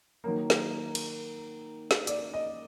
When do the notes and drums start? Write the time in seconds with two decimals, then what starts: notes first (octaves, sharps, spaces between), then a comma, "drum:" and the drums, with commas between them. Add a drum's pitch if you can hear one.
0.24 D#3 F#3 A#3 A#4
0.50 drum: snare
0.95 drum: cymbal
1.91 drum: snare
2.07 D5, drum: hi-hat
2.34 D#5